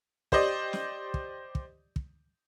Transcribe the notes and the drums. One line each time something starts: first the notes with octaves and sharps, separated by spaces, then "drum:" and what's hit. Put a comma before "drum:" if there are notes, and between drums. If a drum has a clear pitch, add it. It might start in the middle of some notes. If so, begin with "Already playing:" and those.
G4 C5 D5 D#5, drum: kick
drum: snare
drum: kick
drum: kick
drum: kick